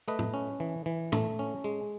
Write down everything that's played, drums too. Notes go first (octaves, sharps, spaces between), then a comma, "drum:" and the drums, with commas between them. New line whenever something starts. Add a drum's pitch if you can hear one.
A3 B4 D#5
drum: tom A2
C#4
E3
E3
A3, drum: tom A2
C#4
G#3